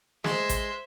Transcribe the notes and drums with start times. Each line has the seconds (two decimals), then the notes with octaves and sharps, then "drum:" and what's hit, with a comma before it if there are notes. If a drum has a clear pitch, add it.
0.24 G#3 C5 E5 C6, drum: snare
0.49 drum: kick A1, hi-hat